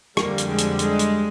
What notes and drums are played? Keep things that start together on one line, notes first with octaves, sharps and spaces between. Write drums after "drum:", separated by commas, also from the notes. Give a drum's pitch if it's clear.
F2 D3 G3 A#3, drum: rim click
drum: hi-hat
G#3
drum: hi-hat
G#3, drum: hi-hat
drum: hi-hat